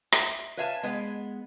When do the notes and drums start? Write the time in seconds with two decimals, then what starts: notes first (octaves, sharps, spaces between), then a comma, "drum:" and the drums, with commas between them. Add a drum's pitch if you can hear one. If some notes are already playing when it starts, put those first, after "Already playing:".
0.12 E5, drum: rim click
0.57 B4 C#5 E5 F5 G#5 A5
0.83 G#3 B3 B4